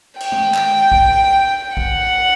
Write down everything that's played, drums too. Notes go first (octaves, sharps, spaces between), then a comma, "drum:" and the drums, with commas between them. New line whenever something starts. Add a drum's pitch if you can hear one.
G5, drum: cymbal
drum: tom
drum: clap
drum: kick A#1
F#5, drum: kick A#1